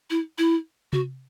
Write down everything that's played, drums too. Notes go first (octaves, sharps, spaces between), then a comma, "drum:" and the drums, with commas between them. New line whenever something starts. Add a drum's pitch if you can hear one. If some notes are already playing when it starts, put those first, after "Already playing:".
E4
E4
F#4, drum: tom C3